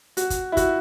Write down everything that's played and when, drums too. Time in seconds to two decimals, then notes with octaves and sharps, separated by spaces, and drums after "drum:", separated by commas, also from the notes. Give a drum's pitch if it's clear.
0.17 F#4, drum: hi-hat
0.30 drum: kick, hi-hat
0.52 E4
0.57 F#4, drum: kick, hi-hat